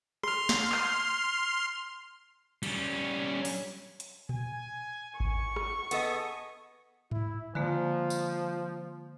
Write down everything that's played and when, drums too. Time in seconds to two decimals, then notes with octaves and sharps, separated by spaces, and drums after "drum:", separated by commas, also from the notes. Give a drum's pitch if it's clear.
0.23 C6 F6, drum: rim click
0.49 drum: snare
0.72 drum: clap
2.63 G3 C#4, drum: cymbal
3.45 drum: open hi-hat
4.00 drum: hi-hat
4.29 G#5, drum: tom A#2
5.20 C#6, drum: kick G#1
5.56 drum: rim click
5.91 B3 G#4 A4 D#5, drum: hi-hat
7.11 E4, drum: tom G#2
7.55 D3 F3 G#3 A#3, drum: tom C#3
8.10 drum: tambourine